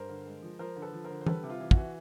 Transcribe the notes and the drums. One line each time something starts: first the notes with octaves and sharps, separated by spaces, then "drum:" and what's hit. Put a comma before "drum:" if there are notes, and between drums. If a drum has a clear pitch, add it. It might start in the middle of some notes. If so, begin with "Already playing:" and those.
Already playing: G2 A#4 C5
D3
G#3
F3
F3 A#4 C5
D3
A4 B4
F3
A#4 C5
D3
C5
G3 A4 B4, drum: tom
C3
F4
E3
F#4, drum: kick
E3